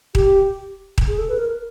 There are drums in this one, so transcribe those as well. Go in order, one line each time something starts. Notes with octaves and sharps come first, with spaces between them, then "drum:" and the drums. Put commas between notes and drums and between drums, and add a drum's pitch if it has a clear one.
G4, drum: kick D#1
drum: kick D#1
G#4
A4
B4
A#4